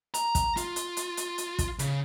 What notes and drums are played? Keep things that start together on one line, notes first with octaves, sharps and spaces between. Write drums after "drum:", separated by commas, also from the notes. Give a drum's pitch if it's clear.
A#5, drum: hi-hat
drum: kick, hi-hat
F4, drum: hi-hat
drum: hi-hat
drum: hi-hat
drum: hi-hat
drum: hi-hat
drum: kick, hi-hat
C#3, drum: hi-hat